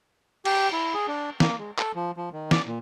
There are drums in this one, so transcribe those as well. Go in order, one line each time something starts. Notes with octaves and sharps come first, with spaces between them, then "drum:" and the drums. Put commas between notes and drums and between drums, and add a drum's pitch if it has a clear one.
G4, drum: cymbal
E4
G#4
D4
A#3, drum: snare
G#3
A4, drum: clap
F3
F3
D#3
D5, drum: snare
A#2